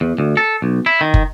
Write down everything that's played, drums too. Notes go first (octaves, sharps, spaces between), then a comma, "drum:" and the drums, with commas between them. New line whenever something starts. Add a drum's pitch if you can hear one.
E2
D2
A4
B1
E4
D#3
drum: kick